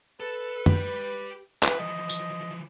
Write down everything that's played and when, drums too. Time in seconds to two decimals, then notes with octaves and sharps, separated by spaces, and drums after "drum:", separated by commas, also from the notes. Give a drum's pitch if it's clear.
0.20 A4 B4
0.66 G4 B5, drum: tom F#2
1.63 A2 B4 E5, drum: clap
1.79 E3 F3 D#5
2.09 drum: tambourine